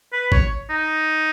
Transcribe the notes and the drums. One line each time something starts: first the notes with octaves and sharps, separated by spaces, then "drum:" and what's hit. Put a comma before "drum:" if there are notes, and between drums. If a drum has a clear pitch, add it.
B4
C#5, drum: kick
D#4